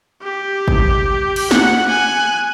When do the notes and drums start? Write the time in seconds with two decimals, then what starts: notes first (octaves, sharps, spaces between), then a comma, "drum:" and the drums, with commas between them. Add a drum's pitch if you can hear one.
0.23 G4
0.68 drum: kick
1.36 drum: cymbal
1.51 F#5, drum: snare
1.88 G#5 F#6